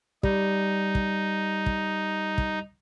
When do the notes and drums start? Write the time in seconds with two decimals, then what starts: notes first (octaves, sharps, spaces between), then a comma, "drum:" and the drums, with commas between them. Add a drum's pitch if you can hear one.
0.23 G3 D#4, drum: kick
0.95 drum: kick
1.66 drum: kick
2.38 drum: kick